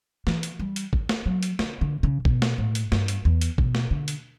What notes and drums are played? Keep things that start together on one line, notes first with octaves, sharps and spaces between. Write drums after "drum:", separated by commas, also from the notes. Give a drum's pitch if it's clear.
E3, drum: snare
drum: hi-hat
G3
drum: hi-hat
drum: kick
drum: snare
F#3
drum: hi-hat
D3, drum: snare
D3
C#3
B2, drum: kick
drum: snare
A2
drum: hi-hat
G2, drum: snare
drum: hi-hat
E2
drum: hi-hat
B2, drum: kick
drum: snare
D3
drum: hi-hat